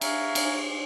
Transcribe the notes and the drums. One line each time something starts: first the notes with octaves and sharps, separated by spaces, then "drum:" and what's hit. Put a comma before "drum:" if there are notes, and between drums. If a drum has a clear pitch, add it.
E5 F5 G#5 A#5 C#6, drum: cymbal
drum: cymbal